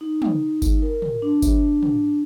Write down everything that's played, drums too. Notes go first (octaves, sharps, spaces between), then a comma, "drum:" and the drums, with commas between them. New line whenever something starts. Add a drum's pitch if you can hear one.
D#4
drum: tom
drum: kick G1, tambourine
A#4
drum: tom
D4
drum: kick G1, tambourine
drum: tom